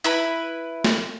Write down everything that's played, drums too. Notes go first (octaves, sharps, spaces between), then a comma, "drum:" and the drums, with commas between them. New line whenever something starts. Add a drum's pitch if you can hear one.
E4 B4 B5
drum: snare